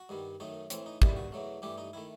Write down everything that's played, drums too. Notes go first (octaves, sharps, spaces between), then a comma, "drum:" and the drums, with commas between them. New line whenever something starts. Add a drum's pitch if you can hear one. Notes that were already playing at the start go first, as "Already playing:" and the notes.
Already playing: F#4
G2 D#3 G3
F#2 D#3 A3 D#4
A2 E3 A3 C4, drum: hi-hat
D#4
G2 D#3 G3 E4, drum: kick
F#4
E2 B2 F#3 A3
G2 E3 A3 G4
D#4
D#3 A3 E4